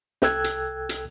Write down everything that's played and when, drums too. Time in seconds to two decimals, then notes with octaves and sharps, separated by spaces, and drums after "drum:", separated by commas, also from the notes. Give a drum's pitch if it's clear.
0.22 C2 A4 G5 E6 F#6 G#6, drum: snare
0.44 drum: hi-hat
0.89 drum: hi-hat